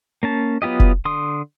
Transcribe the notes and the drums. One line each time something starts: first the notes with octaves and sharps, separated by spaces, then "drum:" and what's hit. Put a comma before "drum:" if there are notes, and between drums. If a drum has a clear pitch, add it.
A#3 C#4 A5
F#3 B3 F4 G4 D#5
drum: kick F1
D3 C6 D#6